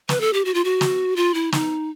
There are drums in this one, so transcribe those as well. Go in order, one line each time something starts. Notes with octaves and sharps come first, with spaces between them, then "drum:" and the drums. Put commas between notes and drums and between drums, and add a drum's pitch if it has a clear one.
B4, drum: snare
A4
G4
F#4
F4
F#4
drum: snare
F4
E4
D#4, drum: snare